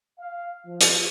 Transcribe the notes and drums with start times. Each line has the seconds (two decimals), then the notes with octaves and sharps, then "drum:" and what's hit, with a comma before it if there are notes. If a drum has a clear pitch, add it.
0.19 F5
0.67 F3
0.81 drum: hi-hat